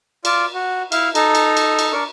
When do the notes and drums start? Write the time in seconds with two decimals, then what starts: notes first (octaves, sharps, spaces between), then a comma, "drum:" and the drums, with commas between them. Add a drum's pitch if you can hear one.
0.25 F4 D5, drum: cymbal
0.54 F#4
0.92 E4 F5, drum: cymbal
1.15 D#4 A4 A#5, drum: cymbal
1.35 drum: cymbal
1.57 drum: cymbal
1.79 drum: cymbal
1.92 D4 A#4 C#6